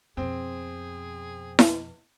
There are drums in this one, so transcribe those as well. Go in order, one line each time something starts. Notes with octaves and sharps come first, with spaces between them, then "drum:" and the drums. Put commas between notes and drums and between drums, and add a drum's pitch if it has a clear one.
F2 B2 C4 G#4
drum: snare E4